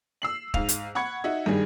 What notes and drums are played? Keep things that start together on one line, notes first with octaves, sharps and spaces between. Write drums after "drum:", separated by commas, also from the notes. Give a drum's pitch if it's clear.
E6 C7 F#7
G#2 F5 F7, drum: kick
drum: hi-hat
F#5 B5 C#6 G#6 C#7
D#4 F#4 E5
G2 D#3 G3 G#4